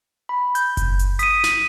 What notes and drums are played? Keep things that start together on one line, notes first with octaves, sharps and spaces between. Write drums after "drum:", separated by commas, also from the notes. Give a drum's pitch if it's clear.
B5
G6, drum: hi-hat
drum: kick F#1, hi-hat
drum: hi-hat
D#6 B6 D#7, drum: hi-hat
drum: snare